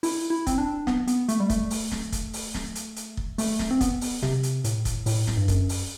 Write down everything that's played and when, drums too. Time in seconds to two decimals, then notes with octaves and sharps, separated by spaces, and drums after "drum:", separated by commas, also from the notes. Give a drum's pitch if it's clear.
0.03 E4, drum: open hi-hat
0.30 E4
0.47 C4, drum: kick, hi-hat
0.58 D4
0.87 B3, drum: snare
1.07 B3, drum: hi-hat
1.29 A3, drum: hi-hat
1.40 G3
1.50 A3, drum: kick, hi-hat
1.70 drum: open hi-hat
1.91 drum: snare
2.12 drum: kick, hi-hat
2.33 drum: open hi-hat
2.54 drum: snare
2.75 drum: hi-hat
2.96 drum: hi-hat
3.17 drum: kick
3.38 A3, drum: open hi-hat
3.59 drum: snare
3.71 C4
3.81 B3, drum: kick, hi-hat
4.01 drum: open hi-hat
4.22 C3, drum: snare
4.43 drum: hi-hat
4.64 A2, drum: hi-hat
4.85 drum: kick, hi-hat
5.06 A2, drum: open hi-hat
5.27 drum: snare
5.37 G2
5.48 F#2, drum: kick, hi-hat
5.69 drum: open hi-hat